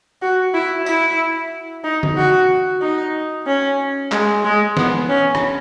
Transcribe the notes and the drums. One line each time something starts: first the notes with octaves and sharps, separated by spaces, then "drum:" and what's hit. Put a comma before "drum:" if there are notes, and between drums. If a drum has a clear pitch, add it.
F#4
E4
E4, drum: tambourine
D#4
drum: tom D3
F#4
D#4
C#4
G#3, drum: clap
G#3
B3, drum: snare
C#4
drum: rim click